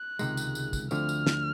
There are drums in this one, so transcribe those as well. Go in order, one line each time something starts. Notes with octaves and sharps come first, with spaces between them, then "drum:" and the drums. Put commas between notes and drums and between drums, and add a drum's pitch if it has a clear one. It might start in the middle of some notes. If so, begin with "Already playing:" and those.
Already playing: F#6
C#2 C3 D#3 G#3, drum: tambourine
drum: tambourine
drum: tambourine
drum: kick, tambourine
D2 D3 F3 A3 C4 F6, drum: tambourine
drum: tambourine
drum: snare